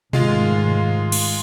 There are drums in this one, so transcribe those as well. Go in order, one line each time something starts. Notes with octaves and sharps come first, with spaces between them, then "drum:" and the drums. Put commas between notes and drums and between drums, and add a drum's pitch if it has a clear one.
F1 G#2 D#3 G#3 F4 F5, drum: tom B2
drum: cymbal